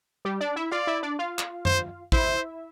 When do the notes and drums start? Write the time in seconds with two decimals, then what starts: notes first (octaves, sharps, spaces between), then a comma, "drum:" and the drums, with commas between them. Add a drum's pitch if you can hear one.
0.25 G3 G4
0.41 D4 D5
0.56 E4 E5
0.71 F4 D5 F5
0.87 E4 E5
1.03 D4 D5
1.19 F4 F5
1.38 drum: clap
1.65 C5, drum: tom F#2
2.12 E4 C5 E5, drum: kick